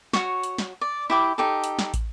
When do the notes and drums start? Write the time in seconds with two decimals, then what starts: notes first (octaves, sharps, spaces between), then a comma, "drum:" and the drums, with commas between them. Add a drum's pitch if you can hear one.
0.13 F#4 C#5, drum: snare
0.43 drum: hi-hat
0.58 drum: snare
0.81 D5
1.10 E4 G4 D6
1.38 D#4 G4 A4
1.64 drum: hi-hat
1.79 drum: snare
1.94 drum: kick, hi-hat